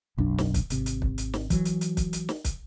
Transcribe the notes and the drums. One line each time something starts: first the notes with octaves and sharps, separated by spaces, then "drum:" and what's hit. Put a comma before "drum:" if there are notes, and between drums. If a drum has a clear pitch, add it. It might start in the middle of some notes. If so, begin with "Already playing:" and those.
E1 B1 F#2 D4
drum: snare
drum: kick, hi-hat
G#1 C3, drum: hi-hat
drum: hi-hat
drum: kick
drum: hi-hat
drum: snare
E3 F#3, drum: kick, hi-hat
drum: hi-hat
drum: hi-hat
drum: kick, hi-hat
drum: hi-hat
drum: snare
drum: kick, hi-hat